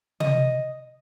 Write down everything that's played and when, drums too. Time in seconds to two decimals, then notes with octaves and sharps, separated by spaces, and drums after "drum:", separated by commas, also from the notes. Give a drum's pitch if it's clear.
0.20 D#5, drum: tom